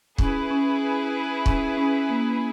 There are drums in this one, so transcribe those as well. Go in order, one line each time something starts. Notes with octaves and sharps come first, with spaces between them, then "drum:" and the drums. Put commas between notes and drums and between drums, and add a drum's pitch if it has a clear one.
C#4 E4 G#4 B4, drum: kick
C#4
C#4, drum: kick
C#4
A#3